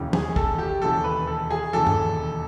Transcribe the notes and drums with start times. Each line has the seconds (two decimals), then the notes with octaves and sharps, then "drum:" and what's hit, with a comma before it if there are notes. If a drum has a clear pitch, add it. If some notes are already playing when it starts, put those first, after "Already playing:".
Already playing: E1 D#2 C#3 E3
0.13 G#4, drum: tom
0.36 A4, drum: kick
0.58 G4
0.81 E1 D#2 C#3 E3 A4
1.04 B4
1.27 A4
1.50 G#4
1.73 E1 D#2 C#3 E3 A4
1.87 drum: tom